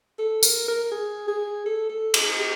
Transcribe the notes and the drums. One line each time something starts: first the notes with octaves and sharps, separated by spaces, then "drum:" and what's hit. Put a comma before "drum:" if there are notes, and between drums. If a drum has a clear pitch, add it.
A4
A#4, drum: tambourine
A#4
G#4
G#4
A4
A4
G#4, drum: cymbal
G4